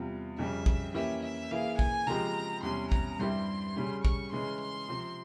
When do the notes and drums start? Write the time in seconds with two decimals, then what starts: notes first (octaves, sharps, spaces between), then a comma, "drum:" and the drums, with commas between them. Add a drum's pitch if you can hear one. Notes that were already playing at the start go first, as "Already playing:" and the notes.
Already playing: E2 C3 G3 C4 F4
0.38 F2 C#3 G3 C#4 G4 E5
0.66 drum: kick A#1
0.94 E3 A#3 C#4 E4 G4 E5
1.22 E5
1.51 E3 A#3 E4 G#4 F5
1.79 G#5, drum: kick A#1
2.07 C#3 F3 G#3 C4 G4 A#5
2.63 E2 C3 G3 C#4 C6
2.92 A#5, drum: kick A#1
3.19 G2 G3 C4 E4 G4 C6
3.76 C#3 G3 C#4
4.05 C#6, drum: kick A#1
4.32 C#3 E3 G#3 C#4 C6
4.61 C6
4.88 C3 F3 C4